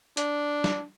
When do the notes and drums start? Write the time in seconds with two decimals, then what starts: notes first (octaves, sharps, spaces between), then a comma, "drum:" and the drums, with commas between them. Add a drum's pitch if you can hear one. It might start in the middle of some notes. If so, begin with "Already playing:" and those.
0.17 D4, drum: hi-hat
0.64 drum: snare